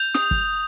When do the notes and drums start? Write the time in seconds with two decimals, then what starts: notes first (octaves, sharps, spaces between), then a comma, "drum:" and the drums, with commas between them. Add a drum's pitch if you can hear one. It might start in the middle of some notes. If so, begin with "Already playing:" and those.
Already playing: G6 F7
0.14 D#6, drum: snare
0.31 drum: kick